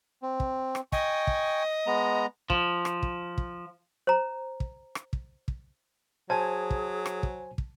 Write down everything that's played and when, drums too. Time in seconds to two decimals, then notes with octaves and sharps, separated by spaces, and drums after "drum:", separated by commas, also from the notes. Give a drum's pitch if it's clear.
0.22 C4
0.40 drum: kick
0.75 drum: rim click
0.92 D#5 G5 G#5 C#6, drum: kick
1.27 drum: kick
1.87 G#3 B3 A#5
2.50 F3, drum: kick
2.85 drum: rim click
3.03 drum: kick
3.38 drum: kick
4.07 C5 A#5
4.60 drum: kick
4.95 drum: rim click
5.13 drum: kick
5.48 drum: kick
6.30 F#3 G#4 C5 G#5 A5
6.70 drum: kick
7.06 drum: rim click
7.23 drum: kick
7.58 drum: kick